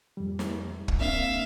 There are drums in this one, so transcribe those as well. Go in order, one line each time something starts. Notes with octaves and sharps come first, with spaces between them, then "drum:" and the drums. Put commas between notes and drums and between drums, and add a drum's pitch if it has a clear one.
F2 G3
drum: snare
drum: kick
A#3 C4 D4 E5 F5